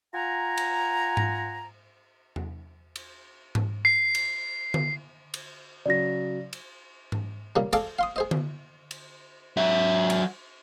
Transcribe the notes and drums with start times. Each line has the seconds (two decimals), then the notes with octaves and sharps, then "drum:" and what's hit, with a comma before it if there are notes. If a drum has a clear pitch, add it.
0.14 F4 F#5 G#5 A#5
0.57 drum: cymbal
1.17 drum: tom G#2
2.36 drum: tom E2
2.96 drum: cymbal
3.55 drum: tom G#2
3.85 C7
4.15 drum: cymbal
4.74 drum: tom D3
5.34 drum: cymbal
5.86 C#3 F#3 D5 A#6
6.53 drum: cymbal
7.12 drum: tom G#2
7.56 A#2 C#3 G3
7.73 G#4 A4 D5 F5 D6, drum: cymbal
7.99 F5 C6 D#6
8.16 G#4 C5 D#5
8.31 drum: tom D3
8.91 drum: cymbal
9.57 F#3 E5
10.10 drum: cymbal